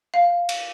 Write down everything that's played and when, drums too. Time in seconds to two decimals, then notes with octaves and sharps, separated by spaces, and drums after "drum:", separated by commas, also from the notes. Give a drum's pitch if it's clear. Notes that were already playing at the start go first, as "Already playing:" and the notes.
0.14 F5
0.49 drum: cymbal